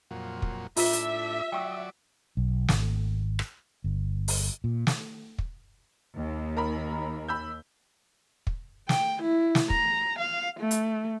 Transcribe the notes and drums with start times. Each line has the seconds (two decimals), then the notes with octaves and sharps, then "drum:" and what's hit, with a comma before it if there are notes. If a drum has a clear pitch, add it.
0.11 F2 A#2 F#3
0.42 drum: kick
0.77 A2 D4 E4 F4 E5, drum: open hi-hat
0.93 drum: hi-hat
1.52 F#3 D5 G5 C#6 E6
2.37 B1
2.69 G#1, drum: snare
3.39 drum: rim click
3.84 G1
4.28 drum: open hi-hat
4.64 A#2
4.87 drum: snare
5.39 drum: kick
6.16 D#2
6.57 A#4 A#5 B5
7.28 B5 E6 G6
8.47 drum: kick
8.89 G5, drum: snare
9.22 E4
9.55 drum: snare
9.70 A#5, drum: kick
10.19 F5
10.60 A3
10.71 drum: hi-hat